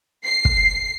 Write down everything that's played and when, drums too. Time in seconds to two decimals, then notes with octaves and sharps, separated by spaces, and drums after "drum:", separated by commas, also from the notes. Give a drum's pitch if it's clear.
0.25 C7
0.45 drum: kick